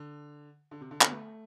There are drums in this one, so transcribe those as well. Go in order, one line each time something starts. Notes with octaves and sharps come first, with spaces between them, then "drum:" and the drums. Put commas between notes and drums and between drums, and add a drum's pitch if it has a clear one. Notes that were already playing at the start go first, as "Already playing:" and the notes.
Already playing: D3
D3
C3
D3
D3, drum: clap
B3
A3